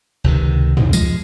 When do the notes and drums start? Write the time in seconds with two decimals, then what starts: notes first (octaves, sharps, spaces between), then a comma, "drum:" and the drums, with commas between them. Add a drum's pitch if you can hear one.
0.24 C#2 C3 D#3
0.77 drum: tom
0.93 F3 G#3, drum: tambourine